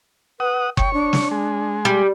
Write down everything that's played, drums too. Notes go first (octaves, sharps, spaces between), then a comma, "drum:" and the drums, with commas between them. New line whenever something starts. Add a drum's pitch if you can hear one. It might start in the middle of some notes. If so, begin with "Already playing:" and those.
B4 F#5 D#6
C#5 G5 C#6, drum: kick F#1
D4
drum: snare
G#3
G3